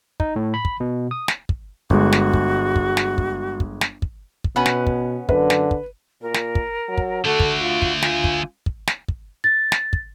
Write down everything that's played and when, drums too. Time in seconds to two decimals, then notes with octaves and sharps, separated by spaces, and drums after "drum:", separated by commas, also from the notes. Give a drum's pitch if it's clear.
0.20 D#4, drum: kick
0.36 A2
0.54 B5
0.65 drum: kick
0.80 B2
1.11 D#6
1.28 drum: snare
1.49 drum: kick
1.90 G1 G#3 F#4, drum: kick
2.12 drum: snare
2.34 drum: kick
2.76 drum: kick
2.97 drum: snare
3.18 drum: kick
3.60 drum: kick
3.81 drum: snare
4.02 drum: kick
4.44 drum: kick
4.56 B2 B3 C#4 F#5
4.66 drum: snare
4.87 drum: kick
5.29 F#2 D3 B4, drum: kick
5.50 drum: snare
5.71 drum: kick
6.22 A#2 A#4
6.34 drum: snare
6.55 drum: kick
6.89 F#3
6.98 drum: kick
7.25 D3 A3 F#4 A4
7.40 drum: kick
7.61 F4
7.82 drum: kick
8.02 F4 G#5, drum: snare
8.24 drum: kick
8.66 drum: kick
8.87 drum: snare
9.09 drum: kick
9.44 A6
9.72 drum: snare
9.93 drum: kick